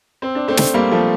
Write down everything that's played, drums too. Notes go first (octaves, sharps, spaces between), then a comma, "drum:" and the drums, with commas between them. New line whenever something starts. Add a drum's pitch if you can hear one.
C4
D4
A3 C4
drum: snare
G3 A#3
F3 A3